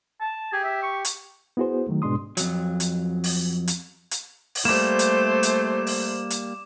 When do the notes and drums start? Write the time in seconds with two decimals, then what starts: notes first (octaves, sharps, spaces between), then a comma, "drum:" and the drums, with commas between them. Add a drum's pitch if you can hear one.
0.21 A5
0.53 G4 G#4
0.64 E5
0.83 C#6
1.05 drum: hi-hat
1.57 B3 E4 F#4 G#4 C5
1.88 D#3 F#3 A3
2.02 G#2 B2 G#3 D4 C6 D#6
2.37 F2 F#3, drum: hi-hat
2.80 drum: hi-hat
3.24 drum: open hi-hat
3.68 drum: hi-hat
4.11 drum: hi-hat
4.55 drum: open hi-hat
4.65 G3 A3 A#3 C5 D6 E7
4.99 drum: hi-hat
5.43 drum: hi-hat
5.87 drum: open hi-hat
6.30 drum: hi-hat